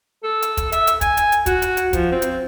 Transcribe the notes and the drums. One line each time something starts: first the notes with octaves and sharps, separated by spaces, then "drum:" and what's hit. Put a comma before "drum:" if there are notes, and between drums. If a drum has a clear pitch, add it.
A4
drum: hi-hat
drum: kick, hi-hat
E5, drum: hi-hat
drum: hi-hat
G#5, drum: kick, hi-hat
drum: hi-hat
drum: hi-hat
F#4, drum: kick, hi-hat
drum: hi-hat
drum: hi-hat
F3, drum: kick, hi-hat
C4
drum: hi-hat